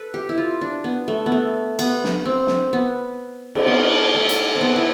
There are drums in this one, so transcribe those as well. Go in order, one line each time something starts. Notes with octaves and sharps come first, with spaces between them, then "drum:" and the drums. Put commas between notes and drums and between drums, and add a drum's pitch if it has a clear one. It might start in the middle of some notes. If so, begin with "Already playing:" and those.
Already playing: A4 B4
G4
E4
F4
D4
B3
A3
B3
A3
B3, drum: cymbal
drum: snare
C4
drum: snare
B3
C4, drum: cymbal
B3
A3
drum: hi-hat
C4
B3
E4